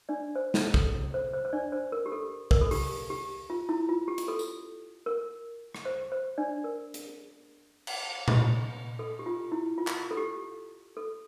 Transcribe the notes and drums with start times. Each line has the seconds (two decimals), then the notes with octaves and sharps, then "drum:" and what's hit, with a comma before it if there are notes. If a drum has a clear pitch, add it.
0.09 D4 D5
0.35 C5
0.54 A4, drum: snare
0.74 A4, drum: kick
1.14 C5
1.34 C5
1.45 C5
1.53 D4 D5
1.72 C5
1.92 A#4
2.06 G4
2.12 A4
2.51 A#4, drum: kick
2.61 A4
2.71 G4, drum: open hi-hat
3.10 G4
3.50 F4
3.69 E4
3.89 F4
4.08 G4
4.18 drum: hi-hat
4.28 A4
4.39 drum: tambourine
5.06 A#4
5.75 drum: rim click
5.85 C5
6.12 C5
6.38 D4 D5
6.64 A#4
6.94 drum: hi-hat
7.87 drum: cymbal
8.28 drum: tom A#2
8.99 A4
9.19 G4
9.26 F4
9.52 E4
9.78 F4
9.87 drum: clap
10.11 A4
10.17 G4
10.97 A4